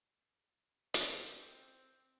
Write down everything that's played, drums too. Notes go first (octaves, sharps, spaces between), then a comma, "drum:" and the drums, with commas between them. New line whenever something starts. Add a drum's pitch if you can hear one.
C4, drum: hi-hat